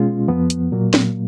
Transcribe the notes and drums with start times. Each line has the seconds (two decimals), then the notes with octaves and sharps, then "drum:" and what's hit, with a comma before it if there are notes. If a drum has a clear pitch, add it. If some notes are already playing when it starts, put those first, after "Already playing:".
Already playing: B2 G#3 C#4 F4
0.28 F2 F3 B3
0.50 drum: hi-hat
0.72 A#2 F#3 A#3
0.94 drum: snare